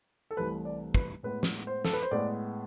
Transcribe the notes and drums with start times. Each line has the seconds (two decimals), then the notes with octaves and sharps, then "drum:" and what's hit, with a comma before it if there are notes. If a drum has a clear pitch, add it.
0.31 A4
0.37 C2 C3 E3 A3 B4
0.65 D5
0.95 B4, drum: kick
1.23 A2 G#3 B3 B4
1.43 drum: snare
1.67 C5
1.85 A4, drum: snare
1.93 B4
2.03 C5
2.11 A2 G#3 B3 D5